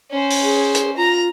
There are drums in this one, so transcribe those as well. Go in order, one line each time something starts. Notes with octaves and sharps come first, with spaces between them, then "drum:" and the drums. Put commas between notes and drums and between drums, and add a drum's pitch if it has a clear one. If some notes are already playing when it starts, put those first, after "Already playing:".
C#4 C5
drum: open hi-hat
G#4
drum: hi-hat
F4 A#5